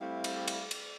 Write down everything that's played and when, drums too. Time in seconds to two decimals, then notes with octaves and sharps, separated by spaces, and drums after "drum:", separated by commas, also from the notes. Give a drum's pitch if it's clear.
0.01 G3 A3 C4 E4 F5
0.24 drum: cymbal
0.48 drum: cymbal
0.71 drum: cymbal